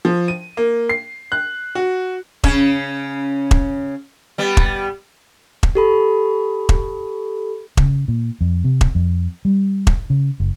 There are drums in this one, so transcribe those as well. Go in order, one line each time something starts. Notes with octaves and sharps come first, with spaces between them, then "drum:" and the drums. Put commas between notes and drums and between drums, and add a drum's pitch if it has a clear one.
F3
D#7
A#3
C7
F#6
F#4
C#3 C#4, drum: kick E1
drum: kick E1
G3 B3
drum: kick E1
drum: kick E1
G4 A4 B5
drum: kick E1
C#3, drum: kick E1
A#2
F2
C3
drum: kick E1
F2
G3
drum: kick E1
C#3
F#1